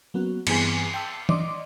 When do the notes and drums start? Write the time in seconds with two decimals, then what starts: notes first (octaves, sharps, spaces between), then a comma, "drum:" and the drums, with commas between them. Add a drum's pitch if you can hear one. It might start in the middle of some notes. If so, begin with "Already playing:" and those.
0.14 F#3 A#3 B3 C#4 F#4
0.47 G2 E3 B3 C4 G#4 G#5, drum: cymbal
0.94 G5 A5 E6
1.29 D5 D#5 C6 D6, drum: tom E3